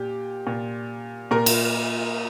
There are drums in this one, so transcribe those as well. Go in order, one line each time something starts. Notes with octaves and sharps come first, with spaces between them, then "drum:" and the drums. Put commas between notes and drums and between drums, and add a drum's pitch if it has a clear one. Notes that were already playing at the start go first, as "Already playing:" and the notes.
Already playing: A#2 G4
A#2
A#2 A#4
drum: cymbal